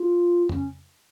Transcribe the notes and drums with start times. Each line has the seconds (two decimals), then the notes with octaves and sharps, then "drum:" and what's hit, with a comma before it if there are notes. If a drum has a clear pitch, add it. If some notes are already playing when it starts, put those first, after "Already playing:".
Already playing: F4
0.49 C#4, drum: tom F2